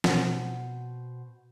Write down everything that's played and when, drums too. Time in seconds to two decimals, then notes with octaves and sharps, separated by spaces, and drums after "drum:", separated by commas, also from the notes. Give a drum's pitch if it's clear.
0.04 B2 C4 F#5, drum: snare